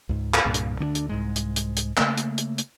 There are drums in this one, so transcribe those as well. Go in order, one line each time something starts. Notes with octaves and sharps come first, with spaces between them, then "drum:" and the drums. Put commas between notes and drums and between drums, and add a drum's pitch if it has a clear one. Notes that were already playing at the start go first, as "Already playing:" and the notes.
C#2 G#2
drum: clap
C2 G2 A#2
drum: hi-hat
D2 D3 A#3 D4
drum: hi-hat
C2 G#2 G#3
drum: hi-hat
drum: hi-hat
drum: hi-hat
C#3 A3 A#3, drum: clap
drum: hi-hat
drum: hi-hat
drum: hi-hat